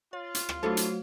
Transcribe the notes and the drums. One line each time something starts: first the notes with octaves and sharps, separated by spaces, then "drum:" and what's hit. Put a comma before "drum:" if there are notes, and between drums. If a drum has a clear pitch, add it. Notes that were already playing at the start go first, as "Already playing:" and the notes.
F4 C#5
drum: hi-hat
drum: rim click
F#3 A3 D4 E4 A4 C5
drum: hi-hat